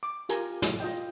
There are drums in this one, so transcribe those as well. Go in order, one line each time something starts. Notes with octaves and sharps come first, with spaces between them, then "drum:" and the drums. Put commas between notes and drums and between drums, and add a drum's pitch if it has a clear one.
D6
F4 G4 A#4 G#5 A#5, drum: hi-hat
drum: snare
F4 D#5 G5